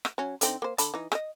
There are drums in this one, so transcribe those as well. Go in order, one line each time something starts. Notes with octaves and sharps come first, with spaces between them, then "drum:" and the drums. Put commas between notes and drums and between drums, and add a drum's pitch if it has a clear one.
drum: rim click
F#3 C#4
D3 C4 D#4, drum: hi-hat
A#3 C5
D3 A5 B5, drum: hi-hat
E3 D#4
G#4 D#5, drum: rim click